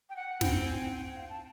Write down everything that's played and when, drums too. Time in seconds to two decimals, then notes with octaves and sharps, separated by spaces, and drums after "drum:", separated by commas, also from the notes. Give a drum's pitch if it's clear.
0.09 G5
0.16 F#5
0.41 C4 G5, drum: snare
0.66 G#5
0.85 F#5
0.91 G5
1.03 G5
1.16 F5
1.29 A5